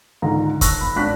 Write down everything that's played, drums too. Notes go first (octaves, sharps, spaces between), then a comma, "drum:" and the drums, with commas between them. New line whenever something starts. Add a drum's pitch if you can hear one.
C#2 G#2 D3 D#3 A#5
A5 C#6 E6 F#6 A#6, drum: kick, hi-hat
G1 B5
G#1 D4 A5 C#6 F#6 B6